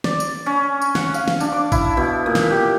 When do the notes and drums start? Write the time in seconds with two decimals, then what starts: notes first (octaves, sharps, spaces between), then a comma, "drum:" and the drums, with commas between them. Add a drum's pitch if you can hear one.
0.04 D5, drum: snare
0.20 drum: tambourine
0.46 C#4
0.82 drum: tambourine
0.95 F#5, drum: snare
1.14 F5, drum: tambourine
1.28 drum: snare
1.40 D4, drum: tambourine
1.52 D6
1.72 E4, drum: kick G#1, tambourine
1.97 B2
2.26 A#2
2.35 drum: snare
2.51 G4